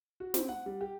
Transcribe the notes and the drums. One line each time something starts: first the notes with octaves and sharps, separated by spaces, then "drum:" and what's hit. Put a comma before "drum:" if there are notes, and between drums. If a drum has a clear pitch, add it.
F#4
C4, drum: snare
F#5
G3
G4